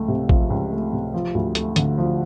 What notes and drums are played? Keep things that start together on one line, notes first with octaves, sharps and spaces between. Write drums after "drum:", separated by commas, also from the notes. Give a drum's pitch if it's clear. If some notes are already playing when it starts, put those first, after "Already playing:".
Already playing: C#2 F3 A3
C3
F3, drum: kick A1
C#2
A3
C3
F3
D2
A3, drum: hi-hat
D3, drum: hi-hat
F3